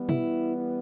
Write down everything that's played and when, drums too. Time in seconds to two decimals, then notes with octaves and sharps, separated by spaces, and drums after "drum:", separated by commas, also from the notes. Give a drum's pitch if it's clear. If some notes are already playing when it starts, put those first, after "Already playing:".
Already playing: E3 G3 B3
0.09 E4, drum: tom B2